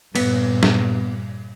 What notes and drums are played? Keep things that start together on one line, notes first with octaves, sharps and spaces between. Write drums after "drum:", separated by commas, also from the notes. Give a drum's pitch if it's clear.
G2 A#2 B3, drum: cymbal
drum: snare